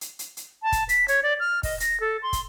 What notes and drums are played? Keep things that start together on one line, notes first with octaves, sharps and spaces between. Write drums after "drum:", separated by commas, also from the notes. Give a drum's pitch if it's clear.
drum: hi-hat
drum: hi-hat
drum: hi-hat
A5
drum: kick, hi-hat
B6, drum: hi-hat
C#5, drum: hi-hat
D5
F6
D#5, drum: kick, open hi-hat
A#6, drum: hi-hat
A4
C6
drum: kick, hi-hat